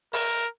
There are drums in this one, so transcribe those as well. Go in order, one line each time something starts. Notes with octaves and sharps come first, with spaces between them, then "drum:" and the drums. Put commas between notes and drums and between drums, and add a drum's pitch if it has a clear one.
A#4, drum: open hi-hat